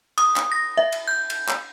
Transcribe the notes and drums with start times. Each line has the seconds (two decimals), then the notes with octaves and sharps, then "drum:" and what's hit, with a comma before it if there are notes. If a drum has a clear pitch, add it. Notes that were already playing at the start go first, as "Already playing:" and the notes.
0.18 D#6, drum: cymbal
0.36 drum: clap
0.52 A#6
0.77 E5
0.92 drum: cymbal
1.08 G6
1.30 drum: cymbal
1.49 drum: clap